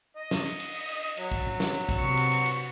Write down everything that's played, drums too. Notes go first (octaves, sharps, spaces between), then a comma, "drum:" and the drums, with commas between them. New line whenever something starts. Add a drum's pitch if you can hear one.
D#5
drum: snare
drum: cymbal
drum: cymbal
drum: cymbal
drum: cymbal
drum: cymbal
F#3, drum: cymbal
drum: kick, cymbal
drum: tom
drum: snare
drum: cymbal
drum: kick, cymbal
C3 F#4 B4 C#6
drum: cymbal
drum: cymbal
drum: cymbal